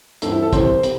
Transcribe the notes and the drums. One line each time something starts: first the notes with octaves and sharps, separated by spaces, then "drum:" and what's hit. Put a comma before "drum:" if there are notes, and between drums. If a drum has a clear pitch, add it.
G2 E3 C4 A4, drum: hi-hat
E4
A4
C2 C3 E3 C4 C5, drum: kick, hi-hat
C3, drum: hi-hat